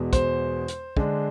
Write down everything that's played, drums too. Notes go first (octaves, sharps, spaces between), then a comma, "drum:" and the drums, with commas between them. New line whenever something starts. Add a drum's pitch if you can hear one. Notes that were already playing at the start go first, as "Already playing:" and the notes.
Already playing: E2 B2 G#3
C5, drum: kick, hi-hat
drum: hi-hat
D3 G#3 D4, drum: kick